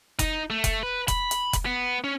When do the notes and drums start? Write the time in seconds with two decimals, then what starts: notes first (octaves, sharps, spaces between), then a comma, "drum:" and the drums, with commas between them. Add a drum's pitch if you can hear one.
0.19 D#4, drum: kick F1, hi-hat
0.50 A3
0.64 drum: kick F1, hi-hat
0.83 B4
1.08 B5, drum: kick F1, hi-hat
1.31 drum: hi-hat
1.53 drum: kick F1, hi-hat
1.66 B3
2.04 C#4